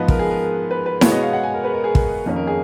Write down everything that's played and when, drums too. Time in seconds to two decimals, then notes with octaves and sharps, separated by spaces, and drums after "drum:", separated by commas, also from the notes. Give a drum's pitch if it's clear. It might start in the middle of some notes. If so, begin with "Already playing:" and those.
Already playing: G#2 F3 B3 B4 D#5
0.08 A#4, drum: kick
0.19 G#4
0.30 A#4
0.71 B4
0.86 B4
1.01 B2 G#3 B3 C#5, drum: snare E4
1.12 D#5
1.23 F5
1.33 F#5
1.43 G#5
1.54 A#4
1.64 B4
1.74 A#4
1.84 G#4
1.95 drum: kick
2.25 F2 D#3 A#3 C#4 A#4
2.36 A#4
2.47 G#4